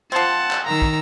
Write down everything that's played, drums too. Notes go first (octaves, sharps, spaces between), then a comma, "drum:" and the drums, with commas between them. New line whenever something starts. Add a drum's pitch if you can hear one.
F3 C4 F#5 A5
drum: clap
D#3 A#5 E6
drum: kick